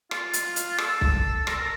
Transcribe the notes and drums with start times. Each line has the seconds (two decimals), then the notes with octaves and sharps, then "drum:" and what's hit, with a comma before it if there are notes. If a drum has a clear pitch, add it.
0.11 F4, drum: rim click
0.33 drum: hi-hat
0.56 drum: hi-hat
0.78 A4, drum: rim click
1.01 drum: kick B1
1.47 A#4, drum: rim click
1.54 A4
1.61 A#4